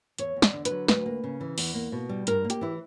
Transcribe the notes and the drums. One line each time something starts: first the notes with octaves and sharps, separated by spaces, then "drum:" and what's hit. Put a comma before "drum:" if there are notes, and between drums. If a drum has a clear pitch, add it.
E2 C#5, drum: hi-hat
E2
D5, drum: snare
D3
B4, drum: hi-hat
F#3
D2 B4, drum: snare
A#3
C#3
E3
E2, drum: open hi-hat
A#3
B2
G3
G2 A#4, drum: hi-hat
A#3
G4, drum: hi-hat
E3 E4